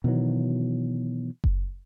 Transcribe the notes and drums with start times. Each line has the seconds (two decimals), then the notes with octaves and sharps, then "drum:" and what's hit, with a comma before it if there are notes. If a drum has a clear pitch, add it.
0.04 B2 D#3 E3 F#3
1.44 drum: kick F#1